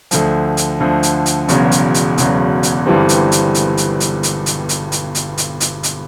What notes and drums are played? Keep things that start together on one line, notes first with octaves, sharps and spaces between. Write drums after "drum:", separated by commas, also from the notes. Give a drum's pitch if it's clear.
D2 D3 F3, drum: hi-hat
drum: hi-hat
D2 D3 F3
drum: hi-hat
drum: hi-hat
E1 E2 C#3 F#3, drum: hi-hat
drum: hi-hat
drum: hi-hat
E1 E2 C#3 F#3, drum: hi-hat
drum: hi-hat
G1 G2 E3 G3 C4
drum: hi-hat
drum: hi-hat
drum: hi-hat
drum: hi-hat
drum: hi-hat
drum: hi-hat
drum: hi-hat
drum: hi-hat
drum: hi-hat
drum: hi-hat
drum: hi-hat
drum: hi-hat
drum: hi-hat